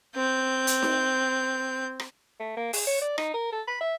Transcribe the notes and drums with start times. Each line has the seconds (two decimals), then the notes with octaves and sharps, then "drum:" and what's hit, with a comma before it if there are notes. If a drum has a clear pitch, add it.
0.15 C4 G6
0.67 drum: hi-hat
0.82 drum: snare D#4
2.00 drum: rim click
2.40 A3
2.57 A#3
2.73 G#4, drum: open hi-hat
2.87 C#5
3.01 D5
3.18 D#4, drum: rim click
3.34 A#4
3.52 A4
3.67 B5
3.81 E5